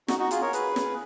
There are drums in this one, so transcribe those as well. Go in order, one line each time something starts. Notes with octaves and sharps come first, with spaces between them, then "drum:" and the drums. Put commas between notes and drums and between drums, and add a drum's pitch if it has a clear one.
D#4 F#4, drum: snare
D#4 F#4
F4 G#4, drum: hi-hat
A#4 C#5
G#4 B4, drum: hi-hat
drum: snare